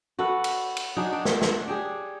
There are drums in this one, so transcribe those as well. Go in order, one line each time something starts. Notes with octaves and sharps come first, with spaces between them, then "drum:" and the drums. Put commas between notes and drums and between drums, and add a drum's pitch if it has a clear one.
F#4 A4 B4 F#5
drum: cymbal
drum: cymbal
F#3 D4 D#4 G#4
D4
drum: snare
D4, drum: snare
D4 G4 G#4